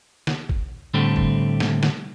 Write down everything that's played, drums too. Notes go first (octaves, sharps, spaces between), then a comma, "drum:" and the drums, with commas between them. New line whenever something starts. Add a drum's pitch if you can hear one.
drum: snare
drum: kick
A2 D3 G3 A3 C4
drum: kick
drum: snare
drum: snare